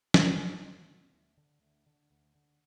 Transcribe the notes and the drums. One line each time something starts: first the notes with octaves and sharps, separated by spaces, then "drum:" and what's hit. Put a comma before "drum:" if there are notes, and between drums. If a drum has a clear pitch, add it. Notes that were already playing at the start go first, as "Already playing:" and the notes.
D2 B3, drum: snare
D3
D2
D3
D2
D3
D2
D3
D2
D3